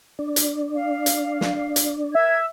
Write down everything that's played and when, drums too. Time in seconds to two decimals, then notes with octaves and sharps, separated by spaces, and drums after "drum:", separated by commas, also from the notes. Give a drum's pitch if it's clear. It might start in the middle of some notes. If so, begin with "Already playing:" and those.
0.19 D4
0.36 drum: hi-hat
0.75 F5
1.06 drum: hi-hat
1.41 drum: snare
1.76 drum: hi-hat
2.15 A#4 E5 G#6